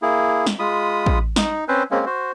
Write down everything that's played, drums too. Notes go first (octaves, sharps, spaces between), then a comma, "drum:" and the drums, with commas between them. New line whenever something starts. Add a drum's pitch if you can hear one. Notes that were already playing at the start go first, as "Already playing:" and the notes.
A#3 E4 G#4
drum: snare
G#3 F4 B5 D#6
drum: kick
D#4, drum: snare
C4 C#4 B4 C5
G#3 A#3 C4 C#4
F#4 C5